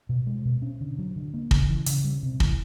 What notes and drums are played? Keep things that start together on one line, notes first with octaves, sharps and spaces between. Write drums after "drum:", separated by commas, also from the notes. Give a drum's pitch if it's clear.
B2
G#3
B2
C#4
D3
F#3
D3
A#3
C#3, drum: kick
E3
C#3, drum: hi-hat
G3
C3
E3, drum: kick